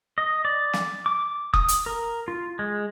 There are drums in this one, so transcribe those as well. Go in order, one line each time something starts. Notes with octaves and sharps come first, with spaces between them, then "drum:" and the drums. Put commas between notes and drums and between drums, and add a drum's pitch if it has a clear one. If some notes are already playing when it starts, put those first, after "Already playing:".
D#5
D5
drum: snare
D6
D#6, drum: kick F1
drum: hi-hat
A#4
F4
G#3